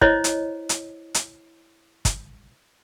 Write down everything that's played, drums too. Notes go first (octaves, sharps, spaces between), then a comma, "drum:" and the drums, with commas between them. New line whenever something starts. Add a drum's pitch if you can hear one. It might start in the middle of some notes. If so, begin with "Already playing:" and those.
E4 C5 C#5 D#5, drum: kick
drum: hi-hat
drum: hi-hat
drum: hi-hat
drum: kick, hi-hat